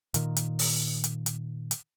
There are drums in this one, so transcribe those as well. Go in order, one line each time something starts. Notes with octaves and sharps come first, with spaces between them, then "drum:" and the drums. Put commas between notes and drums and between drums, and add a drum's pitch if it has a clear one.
A#2 D#3, drum: hi-hat
drum: hi-hat
drum: open hi-hat
drum: hi-hat
drum: hi-hat
drum: hi-hat